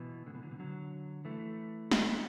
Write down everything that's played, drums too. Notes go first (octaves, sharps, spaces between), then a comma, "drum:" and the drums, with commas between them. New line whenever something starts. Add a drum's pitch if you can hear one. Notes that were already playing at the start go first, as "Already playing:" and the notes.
Already playing: B2 E3
A2 D3
B2 E3
D3 F#3
B2 E3
D3 F#3
E3 A3
drum: snare